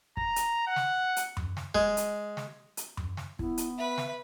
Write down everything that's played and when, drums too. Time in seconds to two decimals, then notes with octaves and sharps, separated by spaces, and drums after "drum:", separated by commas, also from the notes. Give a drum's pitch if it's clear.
0.17 A#5, drum: kick
0.36 drum: hi-hat
0.67 F#5
0.76 drum: snare
1.17 drum: hi-hat
1.37 drum: tom F#2
1.57 drum: snare
1.75 G#3, drum: kick
1.97 drum: hi-hat
2.37 drum: snare
2.77 drum: hi-hat
2.97 drum: tom F#2
3.17 drum: snare
3.39 B3 E4, drum: kick
3.58 drum: hi-hat
3.78 B4 E5 B5
3.98 drum: snare